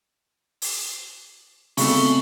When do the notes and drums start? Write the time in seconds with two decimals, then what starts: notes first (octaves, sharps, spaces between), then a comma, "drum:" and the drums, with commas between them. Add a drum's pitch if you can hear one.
0.62 drum: open hi-hat
1.77 C#3 G#3 A3 B3 C4 C#6, drum: open hi-hat